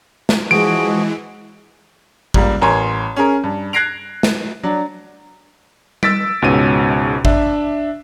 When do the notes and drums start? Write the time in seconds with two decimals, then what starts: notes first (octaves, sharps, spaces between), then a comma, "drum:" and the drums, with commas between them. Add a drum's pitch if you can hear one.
0.29 drum: snare
0.51 E3 F3 G#3 F#4 G#4 D7
2.34 C#2 G3 A#3, drum: kick G#1
2.62 A1 A#4 C#5 G#5 C6
3.16 C#4 G#4 A#4
3.44 G2
3.73 F#6 G#6 A#6 C7 D7 F7
4.23 drum: snare
4.63 F#3 D4
6.03 E6 A6 B6 D7, drum: tom G3
6.42 C#2 G#2 B2 C#4 D#7
7.25 D4 E5, drum: kick G#1